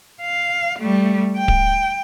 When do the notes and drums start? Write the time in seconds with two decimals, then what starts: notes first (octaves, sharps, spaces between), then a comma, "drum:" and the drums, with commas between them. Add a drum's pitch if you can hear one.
0.22 F5
0.79 G3 A3
1.38 G5
1.48 drum: kick D1